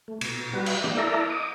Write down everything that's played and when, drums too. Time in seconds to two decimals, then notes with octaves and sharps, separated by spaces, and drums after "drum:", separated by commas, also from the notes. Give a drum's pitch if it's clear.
0.08 A3
0.21 B2, drum: cymbal
0.53 G3 F#4 B4
0.66 drum: cymbal
0.84 G#3 D4 G4, drum: tom
0.97 E4 A4 A#4 D5 E5 A#5
1.30 D#5 D6 D#6